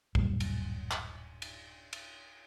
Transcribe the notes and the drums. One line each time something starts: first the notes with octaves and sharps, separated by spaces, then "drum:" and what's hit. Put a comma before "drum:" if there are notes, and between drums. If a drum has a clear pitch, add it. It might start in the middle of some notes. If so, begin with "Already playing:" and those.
D1 F#2 A#2 G3, drum: kick
drum: cymbal
drum: clap
drum: cymbal
drum: cymbal